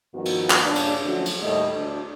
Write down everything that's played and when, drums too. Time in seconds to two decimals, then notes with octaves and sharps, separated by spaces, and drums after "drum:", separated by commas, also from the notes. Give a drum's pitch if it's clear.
0.14 G2 D#3 F3 B3 F#4
0.25 drum: cymbal
0.50 drum: clap
0.65 G2 A#2 C#3 D4
0.75 drum: cymbal
1.06 D3 F3 F#3 A3 C#4 F#4
1.25 drum: cymbal
1.42 D#2 A2 G3 A3 D#5
1.76 D2 D4